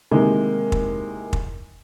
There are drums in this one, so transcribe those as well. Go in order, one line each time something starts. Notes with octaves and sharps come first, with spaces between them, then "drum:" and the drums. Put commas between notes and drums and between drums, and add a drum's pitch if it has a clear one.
A2 C3 D#3 G#3 A#3
drum: kick
drum: kick